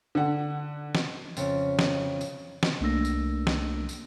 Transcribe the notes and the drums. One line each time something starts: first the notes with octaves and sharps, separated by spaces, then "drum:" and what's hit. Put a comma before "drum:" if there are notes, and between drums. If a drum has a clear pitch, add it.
D3 F#5
drum: snare
F2 C#3, drum: tambourine
drum: snare
drum: tambourine
drum: snare
C2 A3 A#3 D4 E6 A#6
drum: tambourine
drum: snare
drum: tambourine